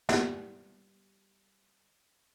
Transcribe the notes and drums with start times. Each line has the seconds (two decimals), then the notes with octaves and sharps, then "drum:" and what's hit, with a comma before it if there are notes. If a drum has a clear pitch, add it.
0.09 G3 B3, drum: snare